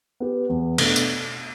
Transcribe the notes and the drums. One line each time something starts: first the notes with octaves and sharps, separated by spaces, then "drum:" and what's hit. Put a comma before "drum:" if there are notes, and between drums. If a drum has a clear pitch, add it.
B3 G4
E2
B2 A3 D4, drum: cymbal
drum: tambourine